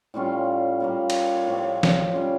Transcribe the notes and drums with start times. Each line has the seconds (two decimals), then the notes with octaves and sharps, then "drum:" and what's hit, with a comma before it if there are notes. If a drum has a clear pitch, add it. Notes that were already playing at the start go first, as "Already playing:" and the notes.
0.14 A2 G3 C#4 F4
0.80 A#2 G3 A#3
1.10 drum: cymbal
1.47 A2 F3 C#4 G4
1.83 drum: snare
2.14 G3 C#4 F4